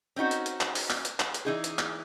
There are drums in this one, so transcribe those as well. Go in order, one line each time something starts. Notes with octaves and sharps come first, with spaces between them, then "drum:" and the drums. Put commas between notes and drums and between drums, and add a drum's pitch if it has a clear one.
C4 C#4 D#4 F#4
drum: hi-hat
drum: hi-hat
drum: clap
drum: open hi-hat
drum: clap
drum: hi-hat
drum: clap
drum: hi-hat
E3 D#4 G#4
drum: hi-hat
drum: clap